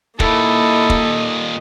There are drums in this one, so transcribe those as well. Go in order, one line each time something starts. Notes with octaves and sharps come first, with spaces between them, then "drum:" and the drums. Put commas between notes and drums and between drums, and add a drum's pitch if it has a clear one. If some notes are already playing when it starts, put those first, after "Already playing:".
D#2 A#2 A#3 E4 A4 D#5, drum: kick
drum: kick